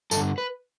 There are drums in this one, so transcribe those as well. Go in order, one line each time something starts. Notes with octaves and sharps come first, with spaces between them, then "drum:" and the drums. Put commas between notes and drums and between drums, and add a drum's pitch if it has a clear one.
G2 D3 A4, drum: tambourine
B4